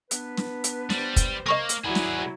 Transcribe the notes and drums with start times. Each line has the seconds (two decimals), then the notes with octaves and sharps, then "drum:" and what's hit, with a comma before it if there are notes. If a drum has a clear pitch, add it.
0.11 B3 D4 B4, drum: hi-hat
0.37 drum: snare
0.64 drum: hi-hat
0.90 G3 C5, drum: snare
1.16 drum: kick, hi-hat
1.46 A#3 D#5 C#6 D#6
1.69 drum: hi-hat
1.84 F#3 E4 G#4 B4 D5 F#5
1.95 drum: snare